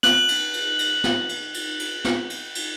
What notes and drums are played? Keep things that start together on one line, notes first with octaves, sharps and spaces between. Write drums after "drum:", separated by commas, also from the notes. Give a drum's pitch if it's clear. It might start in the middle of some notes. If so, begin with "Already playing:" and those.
F#6 F#7, drum: snare
drum: cymbal
drum: cymbal
drum: cymbal
drum: snare
drum: cymbal
drum: cymbal
drum: cymbal
drum: snare
drum: cymbal
drum: cymbal